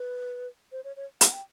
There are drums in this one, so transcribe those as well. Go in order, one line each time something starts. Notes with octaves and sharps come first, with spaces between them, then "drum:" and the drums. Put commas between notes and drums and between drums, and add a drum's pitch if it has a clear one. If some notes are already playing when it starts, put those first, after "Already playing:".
Already playing: B4
C5
C#5
C#5
F#5, drum: hi-hat
G5